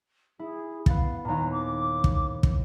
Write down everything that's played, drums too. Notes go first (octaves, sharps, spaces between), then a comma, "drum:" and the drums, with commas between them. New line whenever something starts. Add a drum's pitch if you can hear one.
E4 G#4
B3 F5 A6, drum: kick
D#2 A#2 A#5
D6
drum: kick
drum: kick